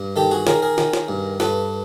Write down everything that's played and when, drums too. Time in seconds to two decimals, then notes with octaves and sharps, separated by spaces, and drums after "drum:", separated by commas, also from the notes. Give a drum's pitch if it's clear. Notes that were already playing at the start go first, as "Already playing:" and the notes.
Already playing: G2
0.16 D#3 G4 A4
0.31 F#4 G#4
0.47 D#3 G#4 A#4, drum: snare
0.62 G#4 A#4
0.78 D#3, drum: snare
0.93 drum: snare
1.08 G2
1.40 G2 A4 B4, drum: snare